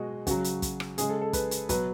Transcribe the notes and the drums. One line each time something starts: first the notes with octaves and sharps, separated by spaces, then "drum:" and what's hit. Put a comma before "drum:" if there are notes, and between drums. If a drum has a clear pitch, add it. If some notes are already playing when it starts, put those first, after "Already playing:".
Already playing: B2 G#3 F#4 D#5
C#3 F#3 F#4, drum: kick, hi-hat
drum: hi-hat
drum: kick, hi-hat
drum: rim click
C#3 G#3 G#4, drum: hi-hat
A4
A4
B4, drum: kick, hi-hat
drum: hi-hat
B2 F#3 B4, drum: kick, hi-hat